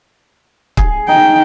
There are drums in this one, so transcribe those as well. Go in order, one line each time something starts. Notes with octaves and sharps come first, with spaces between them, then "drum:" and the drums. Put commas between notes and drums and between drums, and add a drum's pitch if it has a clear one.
G#4, drum: kick
D#4 G5